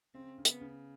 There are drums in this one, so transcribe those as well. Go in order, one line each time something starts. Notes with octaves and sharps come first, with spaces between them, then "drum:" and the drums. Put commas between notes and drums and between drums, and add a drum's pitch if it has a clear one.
C#3 C4
C#3
B3, drum: hi-hat
C#3